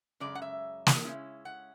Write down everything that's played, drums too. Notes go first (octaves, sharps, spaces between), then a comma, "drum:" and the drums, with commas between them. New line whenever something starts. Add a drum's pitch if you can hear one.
F#2 C#3 G#3 D5
F#5
E5
drum: snare
C#3 G#3 C#4 E4
F#5